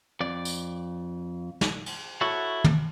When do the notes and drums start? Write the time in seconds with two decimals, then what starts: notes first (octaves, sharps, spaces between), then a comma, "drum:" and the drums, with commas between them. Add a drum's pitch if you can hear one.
0.20 F2 D5
0.45 drum: tambourine
1.61 drum: snare
1.86 drum: cymbal
2.21 E4 F#4 A4 C#5
2.64 drum: tom